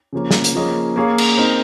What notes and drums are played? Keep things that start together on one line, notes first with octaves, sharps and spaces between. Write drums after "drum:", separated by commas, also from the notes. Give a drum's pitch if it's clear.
C#3 F3 A#3 C#4
drum: snare
drum: hi-hat
F3 A#3 C#4 G#4 D#5
A#3 C#4 G#4 C#5 F5
drum: cymbal
C4 D#4 A#4